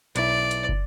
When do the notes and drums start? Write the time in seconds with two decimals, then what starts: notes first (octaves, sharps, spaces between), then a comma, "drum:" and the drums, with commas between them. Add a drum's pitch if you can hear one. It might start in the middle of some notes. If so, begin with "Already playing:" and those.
0.16 B1 E4 D5, drum: hi-hat
0.51 drum: hi-hat
0.69 drum: kick